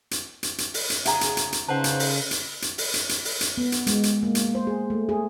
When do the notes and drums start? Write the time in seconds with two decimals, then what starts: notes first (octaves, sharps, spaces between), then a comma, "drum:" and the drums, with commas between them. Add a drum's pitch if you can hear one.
0.11 drum: hi-hat
0.43 drum: hi-hat
0.58 drum: hi-hat
0.74 drum: open hi-hat
0.90 drum: hi-hat
1.05 C#3 G#4 E5 F#5 A#5, drum: hi-hat
1.21 drum: hi-hat
1.37 drum: hi-hat
1.52 drum: hi-hat
1.68 C#3 D#4 B4 C5 F#5 A5
1.84 drum: hi-hat
2.00 drum: open hi-hat
2.31 drum: hi-hat
2.62 drum: hi-hat
2.78 drum: open hi-hat
2.94 drum: hi-hat
3.09 drum: hi-hat
3.25 drum: open hi-hat
3.41 drum: hi-hat
3.57 B3
3.72 drum: hi-hat
3.87 G#3, drum: hi-hat
4.03 drum: hi-hat
4.23 A#3
4.35 drum: hi-hat
4.55 C5
4.67 G#4
4.90 A3
5.09 G#4